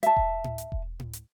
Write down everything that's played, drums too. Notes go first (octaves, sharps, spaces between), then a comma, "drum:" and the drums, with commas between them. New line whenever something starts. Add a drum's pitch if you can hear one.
E5 A5, drum: hi-hat
drum: kick E1
drum: tom A2
drum: hi-hat
drum: kick E1
drum: tom A2
drum: hi-hat